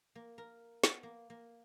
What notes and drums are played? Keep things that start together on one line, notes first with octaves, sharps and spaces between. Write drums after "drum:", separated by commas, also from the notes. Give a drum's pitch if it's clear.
A#3
A#4
B3, drum: snare
A#3
A#3